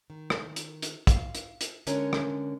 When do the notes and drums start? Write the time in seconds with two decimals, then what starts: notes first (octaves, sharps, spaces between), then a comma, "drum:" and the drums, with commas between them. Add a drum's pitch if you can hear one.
0.10 D#3
0.30 drum: rim click
0.56 drum: hi-hat
0.82 drum: hi-hat
1.07 F5, drum: kick, hi-hat
1.35 drum: hi-hat
1.61 drum: hi-hat
1.87 D3 G#3 C#4 A#4 B4 C#5, drum: hi-hat
2.13 drum: rim click